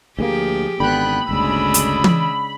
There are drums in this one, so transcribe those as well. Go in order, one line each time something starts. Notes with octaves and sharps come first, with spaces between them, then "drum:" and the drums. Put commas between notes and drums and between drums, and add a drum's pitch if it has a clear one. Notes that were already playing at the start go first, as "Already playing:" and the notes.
D2 F3 G3 A#3 G4 G#4
G#1 D3 B3 G5 B5 F#6
G1 D2 C#3 G#3 D4 E6
drum: hi-hat
drum: tom